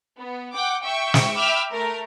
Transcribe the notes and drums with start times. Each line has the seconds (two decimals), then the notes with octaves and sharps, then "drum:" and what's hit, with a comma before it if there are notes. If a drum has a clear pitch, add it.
0.18 B3
0.53 F#5 G5 D6
0.84 E5 G5 C#6
1.14 drum: snare
1.36 E5 G5 B5 D6 E6 F6
1.72 A3 A#4